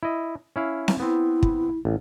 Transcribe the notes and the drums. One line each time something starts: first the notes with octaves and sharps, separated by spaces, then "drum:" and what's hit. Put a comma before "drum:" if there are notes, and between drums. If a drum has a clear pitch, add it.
E4 D#5
C#4 E4 F5
drum: snare C4
B3 C4 E4
drum: kick
A1